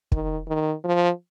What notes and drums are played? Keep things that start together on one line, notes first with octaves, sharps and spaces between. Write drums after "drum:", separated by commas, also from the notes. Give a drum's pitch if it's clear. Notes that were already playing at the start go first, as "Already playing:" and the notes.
D#3, drum: kick
D#3
F3